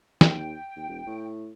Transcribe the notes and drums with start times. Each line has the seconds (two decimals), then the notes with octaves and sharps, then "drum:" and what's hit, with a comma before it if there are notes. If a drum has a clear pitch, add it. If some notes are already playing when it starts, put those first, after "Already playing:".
0.21 D#2 G5, drum: snare
0.76 D#2
0.89 E1
1.07 A2